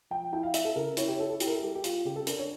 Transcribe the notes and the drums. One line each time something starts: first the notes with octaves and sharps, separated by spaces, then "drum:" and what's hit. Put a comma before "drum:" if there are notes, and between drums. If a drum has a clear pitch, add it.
F3 G5
E4 G5
F5
E4 E5, drum: hi-hat
A4
C#3 A#4
E4 C#5, drum: hi-hat
G4
E4 A4
A4
E4 G4, drum: hi-hat
A#4
A4
G3 G4
G4
G3 F4, drum: hi-hat
C#3 G4
A4
D4 A#4, drum: hi-hat
C#5